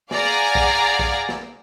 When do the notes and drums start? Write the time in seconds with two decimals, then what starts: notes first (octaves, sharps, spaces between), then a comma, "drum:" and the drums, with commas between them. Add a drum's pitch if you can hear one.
0.11 G#4 D5 F5 F#5 G#5 A#5, drum: snare
0.55 drum: kick
0.99 drum: kick
1.29 drum: snare